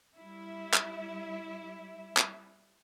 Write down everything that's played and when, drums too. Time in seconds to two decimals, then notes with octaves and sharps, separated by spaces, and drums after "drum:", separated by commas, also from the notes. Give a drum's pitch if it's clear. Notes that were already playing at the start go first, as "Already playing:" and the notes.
0.16 G3 E4 E5
0.74 drum: clap
2.17 drum: clap